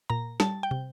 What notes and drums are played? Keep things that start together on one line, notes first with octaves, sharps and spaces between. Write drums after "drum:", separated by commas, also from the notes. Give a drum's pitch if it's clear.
A#2 A#5
G3 A5, drum: snare
G5
C3